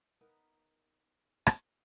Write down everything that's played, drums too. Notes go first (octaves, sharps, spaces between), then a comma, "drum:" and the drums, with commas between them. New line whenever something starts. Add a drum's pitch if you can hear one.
B3 D#4 A#4 B4
drum: rim click